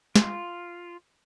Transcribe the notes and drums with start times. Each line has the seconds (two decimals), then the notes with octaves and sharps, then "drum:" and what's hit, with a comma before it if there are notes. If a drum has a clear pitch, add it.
0.16 F4, drum: snare